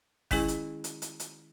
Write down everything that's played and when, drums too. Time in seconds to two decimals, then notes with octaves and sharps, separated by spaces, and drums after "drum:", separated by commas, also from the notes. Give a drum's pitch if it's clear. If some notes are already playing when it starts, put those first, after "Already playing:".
0.31 D#3 G#3 C#4 E4 G#4, drum: kick G1, open hi-hat
0.48 drum: hi-hat
0.84 drum: hi-hat
1.02 drum: hi-hat
1.20 drum: hi-hat